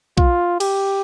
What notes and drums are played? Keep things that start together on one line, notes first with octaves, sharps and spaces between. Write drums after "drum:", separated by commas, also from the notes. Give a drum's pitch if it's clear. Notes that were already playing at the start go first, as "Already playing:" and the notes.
F4, drum: kick B1
G4, drum: cymbal